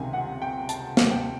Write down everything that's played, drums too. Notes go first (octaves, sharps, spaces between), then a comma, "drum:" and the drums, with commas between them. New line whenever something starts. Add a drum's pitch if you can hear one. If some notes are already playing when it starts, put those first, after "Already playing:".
Already playing: C#2 C3 D#3 G#5
F#5
G5
A5, drum: hi-hat
drum: snare
G5